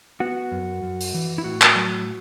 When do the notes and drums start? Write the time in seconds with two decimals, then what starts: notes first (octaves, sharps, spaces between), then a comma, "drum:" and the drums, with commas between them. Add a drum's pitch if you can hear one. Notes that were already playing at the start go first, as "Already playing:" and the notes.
0.20 B3 F#4
0.51 F#2
0.83 F#2
1.00 drum: open hi-hat
1.14 E3
1.38 E4
1.44 A2 F#4
1.61 drum: clap
1.76 F#3